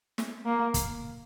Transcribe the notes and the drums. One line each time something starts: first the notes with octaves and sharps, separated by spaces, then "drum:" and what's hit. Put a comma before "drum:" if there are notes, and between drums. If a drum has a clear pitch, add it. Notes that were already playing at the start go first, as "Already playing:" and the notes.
drum: snare
A#3
drum: kick, hi-hat